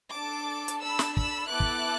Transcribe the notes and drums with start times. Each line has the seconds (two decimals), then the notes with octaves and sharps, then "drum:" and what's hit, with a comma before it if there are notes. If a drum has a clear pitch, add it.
0.14 D4 A4 A5 D6
0.68 drum: hi-hat
0.82 B5 E6
0.99 drum: snare
1.17 B5 E6, drum: kick
1.50 B3 E4 A4 D6 F#6
1.60 drum: kick